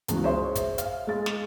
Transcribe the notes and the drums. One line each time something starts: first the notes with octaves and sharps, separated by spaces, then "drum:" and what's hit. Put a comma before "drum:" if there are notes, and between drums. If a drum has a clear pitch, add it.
C#2 E3 F#4, drum: hi-hat
G#4 C5 C#5 E5
drum: kick, hi-hat
F5, drum: hi-hat
G#3 A6
drum: snare